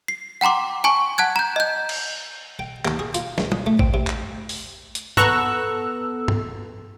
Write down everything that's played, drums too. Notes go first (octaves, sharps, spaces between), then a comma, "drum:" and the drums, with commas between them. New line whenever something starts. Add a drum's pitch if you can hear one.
C7
F#5 G5 A#5 C6 D6
G#5 A5 C#6
F#5 A5 F#6 G#6
A#5 G6
D#5 G6
drum: cymbal
G5
D#2, drum: clap
G#4
F4, drum: hi-hat
C#2, drum: snare
D#6, drum: tom
A3
C4, drum: kick A1
C3
drum: clap
drum: open hi-hat
drum: hi-hat
B3 A4 A#5 C#6 E6 F#6, drum: tom
drum: tom